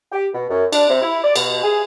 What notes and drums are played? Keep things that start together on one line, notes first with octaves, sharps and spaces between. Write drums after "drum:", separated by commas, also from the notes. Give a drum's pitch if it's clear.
G4
B2
F#2
D4, drum: cymbal
C3
E4
D5
B2, drum: cymbal
G#4